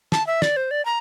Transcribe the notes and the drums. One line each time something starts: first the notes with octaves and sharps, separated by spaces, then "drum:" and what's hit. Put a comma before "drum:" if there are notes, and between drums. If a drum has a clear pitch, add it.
A5, drum: snare
E5
D5, drum: snare
C5
D5
A#5